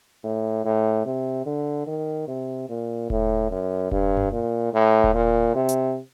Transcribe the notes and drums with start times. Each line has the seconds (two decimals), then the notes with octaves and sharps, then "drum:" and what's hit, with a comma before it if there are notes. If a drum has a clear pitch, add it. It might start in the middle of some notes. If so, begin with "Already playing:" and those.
0.24 A2
0.65 A2
1.05 C3
1.46 D3
1.87 D#3
2.27 C3
2.69 A#2
3.10 A2, drum: kick E1
3.50 F#2
3.91 G2, drum: kick E1
4.17 drum: tom F#2
4.32 A#2
4.73 A2
5.04 drum: kick E1
5.14 A#2
5.55 C3
5.69 drum: hi-hat